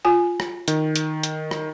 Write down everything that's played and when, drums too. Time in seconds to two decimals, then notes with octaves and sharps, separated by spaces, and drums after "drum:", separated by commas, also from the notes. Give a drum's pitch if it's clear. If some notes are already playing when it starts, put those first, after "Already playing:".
0.05 F4 G#5
0.40 drum: rim click
0.68 D#3, drum: hi-hat
0.96 drum: hi-hat
1.23 drum: hi-hat
1.51 drum: rim click